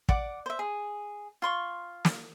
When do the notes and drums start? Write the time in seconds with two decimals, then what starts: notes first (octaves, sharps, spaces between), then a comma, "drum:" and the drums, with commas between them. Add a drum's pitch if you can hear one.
0.09 D5 F#5 D6, drum: kick
0.46 C5 E5
0.59 G#4
1.42 F4 C6 C#6
2.05 drum: snare